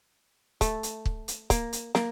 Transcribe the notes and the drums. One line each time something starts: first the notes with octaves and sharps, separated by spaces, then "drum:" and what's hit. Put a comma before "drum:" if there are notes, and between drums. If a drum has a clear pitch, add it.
A3, drum: kick, hi-hat
drum: hi-hat
drum: kick
drum: hi-hat
A#3, drum: kick, hi-hat
drum: hi-hat
A#3, drum: snare